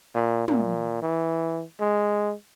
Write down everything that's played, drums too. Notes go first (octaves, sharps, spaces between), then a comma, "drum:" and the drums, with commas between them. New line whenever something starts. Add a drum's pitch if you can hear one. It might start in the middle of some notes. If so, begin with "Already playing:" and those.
A#2
A#2, drum: tom
E3
G#3